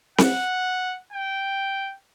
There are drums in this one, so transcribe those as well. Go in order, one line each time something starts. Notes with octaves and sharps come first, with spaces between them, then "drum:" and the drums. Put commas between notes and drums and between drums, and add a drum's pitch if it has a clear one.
F#5, drum: snare C4
G5